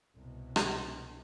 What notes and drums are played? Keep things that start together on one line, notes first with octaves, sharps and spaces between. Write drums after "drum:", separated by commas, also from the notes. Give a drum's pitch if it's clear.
C2 B2
drum: rim click